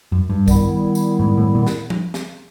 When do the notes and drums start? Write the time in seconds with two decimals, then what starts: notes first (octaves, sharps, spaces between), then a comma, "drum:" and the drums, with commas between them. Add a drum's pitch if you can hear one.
0.12 F#2
0.30 G2
0.48 D#3 G3 B3 E4, drum: kick, tambourine
0.95 drum: tambourine
1.20 G#2
1.37 A2
1.55 A#2
1.66 drum: snare
1.90 drum: tom F3
2.14 drum: snare